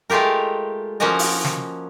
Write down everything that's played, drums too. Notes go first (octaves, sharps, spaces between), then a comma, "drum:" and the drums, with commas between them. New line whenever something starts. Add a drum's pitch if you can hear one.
G#3 A3 F4 G4 A#4
F3 A#3 C#4 F#4 A#4 D#5
drum: open hi-hat
drum: snare